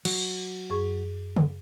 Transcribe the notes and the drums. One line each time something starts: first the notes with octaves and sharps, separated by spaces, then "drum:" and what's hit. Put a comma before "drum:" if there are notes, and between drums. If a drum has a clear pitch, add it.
F#3, drum: cymbal
F#2 G#4 C#6
drum: tom C#3